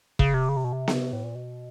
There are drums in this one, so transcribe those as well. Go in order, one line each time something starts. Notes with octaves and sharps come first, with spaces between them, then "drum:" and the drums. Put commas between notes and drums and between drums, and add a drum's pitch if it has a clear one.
C#3, drum: kick
C3
C#3
C3
B2
C3
drum: snare B3
A2
A#2
B2